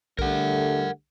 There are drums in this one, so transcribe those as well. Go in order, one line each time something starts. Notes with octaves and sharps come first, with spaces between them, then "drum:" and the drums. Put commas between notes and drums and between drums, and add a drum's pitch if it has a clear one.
D3 G3 A3 A#4 F#5, drum: kick A#1